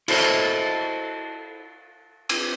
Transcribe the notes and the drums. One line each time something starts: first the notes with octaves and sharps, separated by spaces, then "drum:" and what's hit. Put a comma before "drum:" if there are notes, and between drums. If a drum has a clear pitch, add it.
E4 F#4 A4 C5 D#5, drum: cymbal
drum: cymbal